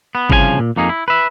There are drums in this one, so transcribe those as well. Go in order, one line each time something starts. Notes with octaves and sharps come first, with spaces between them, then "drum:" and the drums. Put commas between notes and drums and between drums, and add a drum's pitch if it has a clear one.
B3
C2 C#3 F3 G4 G#5, drum: kick G1
A#2
F2 A#3 D#4 G#4
E4
B4 E5